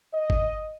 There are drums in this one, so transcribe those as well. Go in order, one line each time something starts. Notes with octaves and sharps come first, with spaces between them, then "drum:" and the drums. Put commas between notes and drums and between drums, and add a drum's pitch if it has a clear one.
D#5
drum: kick G1